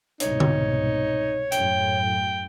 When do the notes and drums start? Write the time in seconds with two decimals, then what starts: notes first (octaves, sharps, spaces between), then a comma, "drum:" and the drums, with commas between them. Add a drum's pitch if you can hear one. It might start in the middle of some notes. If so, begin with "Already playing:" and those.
0.20 C2 G#2 B2 D#4 C#5, drum: hi-hat
0.40 drum: tom D3
1.52 F#2 A2 G5, drum: hi-hat